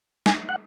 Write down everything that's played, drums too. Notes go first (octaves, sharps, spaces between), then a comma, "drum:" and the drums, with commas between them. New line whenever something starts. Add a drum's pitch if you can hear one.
G#5, drum: snare
F#5